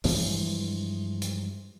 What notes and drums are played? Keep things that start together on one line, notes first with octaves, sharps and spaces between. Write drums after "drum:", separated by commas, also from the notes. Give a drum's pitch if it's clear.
G2 E3 F3 G#3, drum: open hi-hat
drum: hi-hat